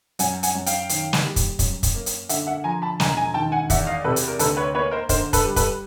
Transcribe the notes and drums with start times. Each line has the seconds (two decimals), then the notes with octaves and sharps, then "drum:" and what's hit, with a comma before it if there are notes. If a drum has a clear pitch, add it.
0.19 F#2 F#5 G#5, drum: hi-hat
0.43 F#5 G#5, drum: hi-hat
0.55 F#2
0.66 F5 G5, drum: hi-hat
0.89 D#3, drum: hi-hat
1.13 drum: snare
1.24 G3
1.36 drum: kick, hi-hat
1.59 F#2, drum: kick, hi-hat
1.83 drum: kick, hi-hat
1.94 A#3
2.06 drum: hi-hat
2.29 D3 E5 F#5, drum: hi-hat
2.47 E5 F#5
2.64 F3 G#5 A#5
2.82 A5 B5
3.00 E1 G#5 A#5, drum: snare
3.17 G#5 A#5
3.34 D#3 G5 A5
3.52 F#5 G#5
3.70 E2 E5 F#5, drum: kick, hi-hat
3.87 D#5 F5
4.04 C3 A4 B4
4.16 drum: hi-hat
4.28 A#4
4.39 D2 A4 B4, drum: hi-hat
4.57 B4 C#5
4.74 A#3 B4 C#5
4.91 A#4 C5
5.09 D3 A#4 C5, drum: kick, hi-hat
5.33 A4 B4, drum: kick, hi-hat
5.44 G3
5.56 A4 B4, drum: kick, hi-hat